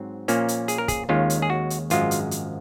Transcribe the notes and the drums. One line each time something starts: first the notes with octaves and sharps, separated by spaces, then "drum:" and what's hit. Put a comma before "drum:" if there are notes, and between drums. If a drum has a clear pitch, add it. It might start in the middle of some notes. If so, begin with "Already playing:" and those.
Already playing: G#2 F#3 C4
A#2 F3 A#3 C#4, drum: hi-hat
drum: hi-hat
G#4, drum: hi-hat
A#4
G#4, drum: kick, hi-hat
D#2 D#3 G#3 C#4 F4
drum: hi-hat
G#4
F#4
drum: hi-hat
G#1 F#2 F3 G#3 F4, drum: hi-hat
drum: hi-hat
drum: hi-hat